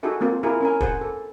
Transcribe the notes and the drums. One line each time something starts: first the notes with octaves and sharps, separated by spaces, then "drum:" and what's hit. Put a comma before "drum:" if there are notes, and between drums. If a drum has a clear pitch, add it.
D#4 F#4 G#4 A4 E5
A#3 C4 F4
E4 F4 G#4 A#4
C#4 A#4 G#5
G#4 C5 F#5, drum: kick
A4